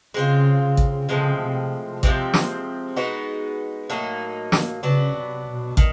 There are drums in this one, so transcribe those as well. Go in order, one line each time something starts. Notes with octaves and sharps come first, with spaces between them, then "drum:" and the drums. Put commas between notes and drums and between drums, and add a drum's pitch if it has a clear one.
C#3 G#3 C4 F4
drum: kick
A2 C#3 F3 G#3 C4
C3
C3 F3 G#3 C4, drum: kick
drum: snare
G#3 B3 D#4 F#4
A2 F#3 A#3 D#4
drum: snare
C#3 F#3 B3 D4
C3
B2
D#3, drum: kick